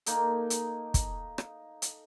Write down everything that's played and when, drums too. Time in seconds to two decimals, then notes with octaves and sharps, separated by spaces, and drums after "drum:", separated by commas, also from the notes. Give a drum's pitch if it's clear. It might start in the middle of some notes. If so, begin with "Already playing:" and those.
0.06 A#3 D#4 A4, drum: hi-hat
0.50 drum: hi-hat
0.94 drum: kick, hi-hat
1.38 drum: rim click
1.82 drum: hi-hat